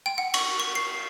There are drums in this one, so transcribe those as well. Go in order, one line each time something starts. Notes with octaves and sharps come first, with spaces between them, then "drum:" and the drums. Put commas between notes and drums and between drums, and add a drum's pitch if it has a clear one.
G5
F#5
C#6, drum: cymbal
C#6
C7